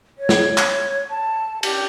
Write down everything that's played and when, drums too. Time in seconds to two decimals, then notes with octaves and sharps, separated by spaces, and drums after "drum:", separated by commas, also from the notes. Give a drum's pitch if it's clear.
0.18 C#5
0.29 drum: snare
0.58 drum: clap
1.09 A5
1.63 G4, drum: cymbal